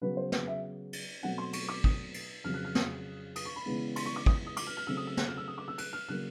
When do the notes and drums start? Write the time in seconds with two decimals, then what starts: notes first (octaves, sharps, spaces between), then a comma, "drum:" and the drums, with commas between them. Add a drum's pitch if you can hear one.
0.01 C#3 F#3 B3 B4
0.17 C5
0.32 B4, drum: snare
0.47 E5
0.93 drum: cymbal
1.23 B2 F#3 A3 C4 F#5
1.38 C6
1.53 C#6, drum: cymbal
1.69 D6
1.84 D#6, drum: kick
2.14 drum: cymbal
2.44 F2 C#3 F#3 F6
2.54 F#6
2.65 F6
2.75 D#6, drum: snare
3.36 D#6, drum: cymbal
3.45 C#6
3.56 B5
3.66 C#3 E3 G#3 B3
3.96 C6, drum: cymbal
4.06 C#6
4.16 D6
4.26 D#6, drum: kick
4.47 D#6
4.57 D6, drum: cymbal
4.67 F6
4.77 F6
4.87 C#3 F#3 A3 C4 E6
4.97 D#6
5.07 E6
5.17 F#6, drum: snare
5.28 F6
5.37 E6
5.48 D#6
5.58 D6
5.68 E6
5.78 F#6, drum: cymbal
5.93 F6
6.08 C#3 F#3 A#3 F#6